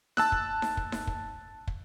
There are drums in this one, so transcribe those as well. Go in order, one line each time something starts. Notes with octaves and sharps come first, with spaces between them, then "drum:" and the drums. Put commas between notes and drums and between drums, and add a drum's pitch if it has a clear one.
A5 E6 F#6, drum: snare D#4
drum: kick
drum: snare D#4
drum: kick
drum: snare D#4
drum: kick
drum: kick